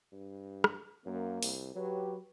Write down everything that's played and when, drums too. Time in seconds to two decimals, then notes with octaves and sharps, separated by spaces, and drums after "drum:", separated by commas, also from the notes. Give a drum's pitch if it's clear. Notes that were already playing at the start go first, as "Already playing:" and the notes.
0.12 G2
0.64 drum: rim click
1.06 F#2 A#3
1.43 C2, drum: open hi-hat
1.75 F#3 G4 B4 C#5